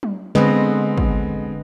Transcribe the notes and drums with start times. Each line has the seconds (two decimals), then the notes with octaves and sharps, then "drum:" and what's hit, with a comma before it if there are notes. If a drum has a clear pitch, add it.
0.03 drum: tom F#3
0.35 D3 G#3 B3 C4 B4 D#5, drum: snare
0.98 drum: kick